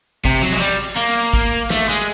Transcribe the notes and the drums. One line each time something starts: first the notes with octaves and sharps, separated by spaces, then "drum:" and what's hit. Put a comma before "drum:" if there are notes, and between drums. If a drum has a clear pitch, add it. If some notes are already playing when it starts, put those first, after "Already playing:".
C3, drum: kick
F#3
G#3
G3
A#3
drum: kick
A3, drum: snare
G#3